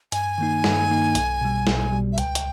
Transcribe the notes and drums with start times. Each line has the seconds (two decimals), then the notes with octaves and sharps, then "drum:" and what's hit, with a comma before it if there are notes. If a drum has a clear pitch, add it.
0.12 G2 G#5, drum: hi-hat
0.38 D#3 A#3 D#4
0.64 G2, drum: snare
0.90 D#3 A#3 D#4
1.15 B1, drum: hi-hat
1.41 B2 G3
1.67 B1, drum: snare
1.93 B2 G3
2.13 E5
2.18 C#2 G5, drum: hi-hat
2.35 drum: hi-hat